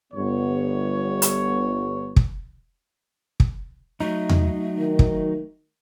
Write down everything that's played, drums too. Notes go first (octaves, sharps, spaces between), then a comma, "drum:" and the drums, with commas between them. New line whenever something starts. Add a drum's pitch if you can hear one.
G1 B3 C#5
drum: hi-hat
drum: kick
drum: kick
F#3 A3 D#4
drum: tom E2
D#3
drum: kick